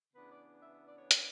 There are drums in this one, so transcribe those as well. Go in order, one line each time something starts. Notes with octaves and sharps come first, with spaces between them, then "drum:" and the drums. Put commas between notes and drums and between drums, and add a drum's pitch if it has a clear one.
C#3 E3 B3 D4 B4
D5
E5
E5
D5
C#5
C#5, drum: hi-hat